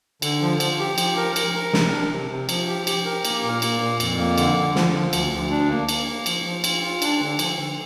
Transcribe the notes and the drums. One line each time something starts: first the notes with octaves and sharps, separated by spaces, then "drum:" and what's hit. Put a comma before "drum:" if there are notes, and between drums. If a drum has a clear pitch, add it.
D3, drum: cymbal
F3
F3, drum: cymbal
G4
F3, drum: cymbal
A#4
A#4, drum: cymbal
A#4
C3, drum: snare
D4
C3
C3
F3, drum: cymbal
G4
G4, drum: cymbal
A#4
A#3, drum: cymbal
A#2
A#3, drum: cymbal
A#2
F2, drum: cymbal
A#3
D3, drum: cymbal
D3
F3, drum: snare
F3
D2, drum: cymbal
D2
D4
A#3
A#3, drum: cymbal
A#3
F3, drum: cymbal
F3
F4, drum: cymbal
F4
D4, drum: cymbal
D3
F3, drum: cymbal
D3